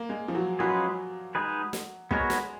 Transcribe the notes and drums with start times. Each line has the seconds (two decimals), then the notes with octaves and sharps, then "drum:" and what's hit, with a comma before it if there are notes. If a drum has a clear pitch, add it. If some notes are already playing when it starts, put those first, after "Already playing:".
Already playing: A#3
0.09 G#3
0.28 F3
0.35 F#3
0.59 F#3 G#3 C#4 F4 G#4 B4
1.35 G#3 D#4 G#4 B4
1.73 drum: snare
2.11 G#3 B3 F#4 A#4 C#5, drum: kick
2.30 drum: snare